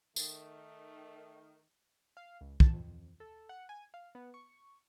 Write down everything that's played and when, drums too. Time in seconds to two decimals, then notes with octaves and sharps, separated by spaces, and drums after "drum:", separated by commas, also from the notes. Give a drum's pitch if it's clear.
0.16 D#3 A3, drum: tambourine
2.17 F5
2.41 C#2
2.60 A5, drum: kick
2.73 F2
3.20 A4
3.49 F#5
3.69 G#5
3.94 F5
4.15 B3
4.34 C#6